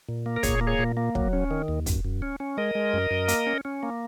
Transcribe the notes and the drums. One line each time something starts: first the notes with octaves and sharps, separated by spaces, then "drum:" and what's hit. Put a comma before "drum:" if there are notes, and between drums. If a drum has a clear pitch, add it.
A#2
A#3
A#4
A#2 G#4 C#5, drum: kick, hi-hat
A#3
G#4 C#5
A#2
A#3
F#3, drum: kick
C#4
D#3
D#2
F#2, drum: kick, hi-hat
F#2
C#4
C#4
G#3 A#4 D#5
G#3
F#2
F#2
A#3, drum: hi-hat
C#4
C#4
A#3